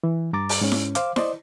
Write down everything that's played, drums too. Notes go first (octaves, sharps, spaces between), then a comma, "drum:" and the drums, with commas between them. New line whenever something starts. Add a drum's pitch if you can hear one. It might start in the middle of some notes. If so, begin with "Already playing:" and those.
E3
G2 A#5 D6 A6
drum: open hi-hat
G#2 C#4
drum: snare E4
C5 F5 D6, drum: hi-hat
C5 D5 D#5, drum: snare E4